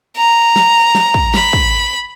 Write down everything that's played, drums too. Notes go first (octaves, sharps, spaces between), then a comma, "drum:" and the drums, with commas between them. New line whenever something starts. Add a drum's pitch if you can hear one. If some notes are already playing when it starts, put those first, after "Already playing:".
A#5
drum: snare
drum: snare
drum: kick
B5, drum: snare
drum: kick